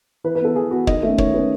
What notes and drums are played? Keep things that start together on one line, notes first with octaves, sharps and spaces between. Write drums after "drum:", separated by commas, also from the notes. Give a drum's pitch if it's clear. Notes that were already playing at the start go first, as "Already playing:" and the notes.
E3 B4
B4
B3 A4
E3 G#4
B3 F#4
D#3 D#5, drum: kick
A3 C#4 E5
D#3 C#5, drum: kick
A3 C#4 B4